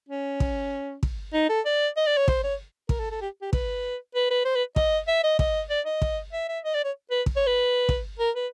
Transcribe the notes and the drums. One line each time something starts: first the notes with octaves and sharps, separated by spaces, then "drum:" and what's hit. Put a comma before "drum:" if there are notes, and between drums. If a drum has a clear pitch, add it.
C#4
drum: kick
drum: kick
D#4
A4
D5
D#5
D5
C#5
C5, drum: kick
C#5
A#4, drum: kick
A4
A4
G4
G4
B4, drum: kick
B4
B4
C5
B4
D#5, drum: kick
E5
D#5
D#5, drum: kick
D5
D#5
drum: kick
E5
E5
D#5
D5
C#5
B4
drum: kick
C#5
B4
drum: kick
A#4
B4